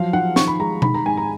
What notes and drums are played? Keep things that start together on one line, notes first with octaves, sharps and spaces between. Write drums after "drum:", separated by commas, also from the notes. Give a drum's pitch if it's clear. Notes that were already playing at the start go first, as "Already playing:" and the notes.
Already playing: F3 F#3 F5
F3 F#5
D#3 C#6, drum: snare
B5
G#3 A#5
D#3 B5, drum: tom B2
A#5
G#2 G#5
A#5